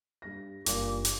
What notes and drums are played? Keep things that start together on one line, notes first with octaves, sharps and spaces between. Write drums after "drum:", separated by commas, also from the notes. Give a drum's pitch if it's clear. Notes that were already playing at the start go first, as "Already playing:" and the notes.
G2 A#6
F#1 G2 A#2 E3 D6, drum: hi-hat
drum: hi-hat